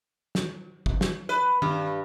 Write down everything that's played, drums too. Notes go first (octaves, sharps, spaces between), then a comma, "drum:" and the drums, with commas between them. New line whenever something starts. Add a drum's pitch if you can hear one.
drum: snare
drum: kick
drum: snare
B4
G2, drum: tom D#3